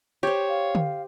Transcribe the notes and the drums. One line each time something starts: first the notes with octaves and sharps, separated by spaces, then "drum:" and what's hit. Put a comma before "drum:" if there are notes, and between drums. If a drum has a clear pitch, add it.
G4 C5 C#5
F5
drum: tom D3